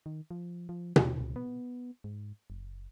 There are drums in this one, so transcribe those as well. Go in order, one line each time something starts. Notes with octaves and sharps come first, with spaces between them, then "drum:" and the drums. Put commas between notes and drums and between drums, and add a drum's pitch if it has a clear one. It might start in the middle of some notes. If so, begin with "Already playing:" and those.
D#3
F3
F3
D#2, drum: tom B2
C#2
B3
G#2
F#1